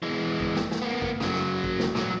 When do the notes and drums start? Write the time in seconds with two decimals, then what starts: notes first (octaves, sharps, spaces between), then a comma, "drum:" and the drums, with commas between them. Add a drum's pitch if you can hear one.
0.03 E3 G#3
0.40 drum: kick
0.56 drum: snare
0.71 drum: snare
0.82 A#3 B3
1.02 drum: kick
1.20 C#3 F#3, drum: snare
1.33 drum: snare
1.64 drum: kick
1.79 drum: snare
1.95 A#2 F#3, drum: snare